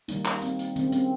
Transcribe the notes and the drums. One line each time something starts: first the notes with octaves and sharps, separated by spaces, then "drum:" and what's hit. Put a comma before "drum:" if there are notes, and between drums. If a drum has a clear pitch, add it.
D#3 G3 A#3 D#4, drum: hi-hat
drum: clap
C4, drum: hi-hat
drum: hi-hat
D#3 G#3 C4, drum: hi-hat
C#4
C4, drum: hi-hat